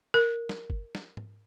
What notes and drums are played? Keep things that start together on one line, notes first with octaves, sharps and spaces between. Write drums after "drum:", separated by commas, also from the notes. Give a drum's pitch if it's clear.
A#4
drum: snare
drum: kick G1
drum: snare
drum: tom G#2